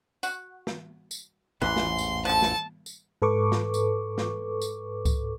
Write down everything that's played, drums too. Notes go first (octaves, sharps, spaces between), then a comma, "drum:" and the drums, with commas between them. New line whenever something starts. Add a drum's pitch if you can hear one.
F#4, drum: tambourine
drum: snare
drum: tambourine
A1 E2 G#2 E3 C6
drum: snare
drum: tambourine
F3 A4 A5
drum: snare
drum: tambourine
G#2 A4 B4 C#6 D6
drum: snare
drum: tambourine
drum: snare
drum: tambourine
drum: kick C#2, tambourine